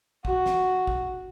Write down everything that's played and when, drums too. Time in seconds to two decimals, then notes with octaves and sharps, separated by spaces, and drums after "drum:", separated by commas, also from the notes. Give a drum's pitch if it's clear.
0.25 F#4, drum: kick
0.46 drum: snare
0.87 drum: kick